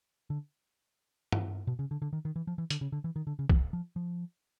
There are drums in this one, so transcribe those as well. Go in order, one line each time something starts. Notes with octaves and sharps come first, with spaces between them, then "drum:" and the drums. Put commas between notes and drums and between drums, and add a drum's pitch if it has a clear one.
D3
drum: tom G2
B2
C#3
D3
D3
D#3
D#3
E3
F3
E3
D3, drum: hi-hat
C#3
D3
E3
D#3
D3
C#3
E3, drum: kick
F3
F3